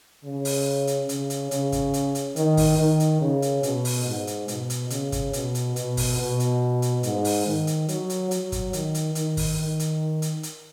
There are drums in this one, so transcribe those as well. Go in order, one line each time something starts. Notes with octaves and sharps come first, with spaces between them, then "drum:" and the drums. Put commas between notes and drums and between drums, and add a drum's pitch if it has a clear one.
C#3
drum: open hi-hat
drum: hi-hat
C#3, drum: hi-hat
drum: hi-hat
C#3, drum: hi-hat
drum: kick, hi-hat
drum: hi-hat
drum: hi-hat
D#3, drum: hi-hat
drum: kick, open hi-hat
D#3
drum: hi-hat
C#3
drum: hi-hat
B2, drum: hi-hat
drum: open hi-hat
G#2
drum: hi-hat
B2, drum: hi-hat
drum: hi-hat
C#3, drum: hi-hat
drum: kick, hi-hat
B2, drum: hi-hat
drum: hi-hat
B2, drum: hi-hat
drum: kick, open hi-hat
B2
drum: hi-hat
drum: hi-hat
G#2, drum: hi-hat
drum: open hi-hat
D#3
drum: hi-hat
F#3, drum: hi-hat
drum: hi-hat
F#3, drum: hi-hat
drum: kick, hi-hat
D#3, drum: hi-hat
drum: hi-hat
D#3, drum: hi-hat
drum: kick, open hi-hat
D#3
drum: hi-hat
drum: hi-hat
drum: hi-hat